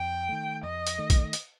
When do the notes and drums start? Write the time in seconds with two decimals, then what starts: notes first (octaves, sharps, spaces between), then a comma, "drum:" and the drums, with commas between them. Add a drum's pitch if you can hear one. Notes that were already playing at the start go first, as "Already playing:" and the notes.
Already playing: F2 G5
0.29 D#3 A3
0.63 F2 D#5
0.87 drum: hi-hat
0.98 D#3 A3
1.10 drum: kick, hi-hat
1.33 drum: hi-hat